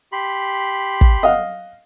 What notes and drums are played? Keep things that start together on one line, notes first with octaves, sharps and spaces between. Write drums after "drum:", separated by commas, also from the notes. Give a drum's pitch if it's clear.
G4 B5 C6
drum: kick
D#5 F5 F#5